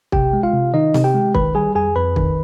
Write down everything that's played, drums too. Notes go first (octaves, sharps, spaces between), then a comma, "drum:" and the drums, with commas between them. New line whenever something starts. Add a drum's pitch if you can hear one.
C3 G4 G5, drum: kick
G#3
F4 F5
C3
D#3 D#4 D#5
C3, drum: snare C4
G4 G5
G#3
D#3 B4 B5, drum: kick
G3 G#4 G#5
F2 G#4 G#5
F2 B4 B5
D#3, drum: kick